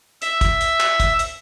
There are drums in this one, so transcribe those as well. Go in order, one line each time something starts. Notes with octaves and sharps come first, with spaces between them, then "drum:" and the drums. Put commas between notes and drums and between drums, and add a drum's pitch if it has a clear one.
E5, drum: hi-hat
drum: kick, hi-hat
drum: hi-hat
drum: clap
drum: kick, hi-hat
drum: hi-hat